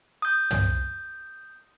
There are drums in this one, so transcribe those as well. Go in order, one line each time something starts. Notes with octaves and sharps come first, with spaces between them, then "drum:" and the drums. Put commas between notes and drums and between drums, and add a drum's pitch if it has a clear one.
D#6 G6
drum: tom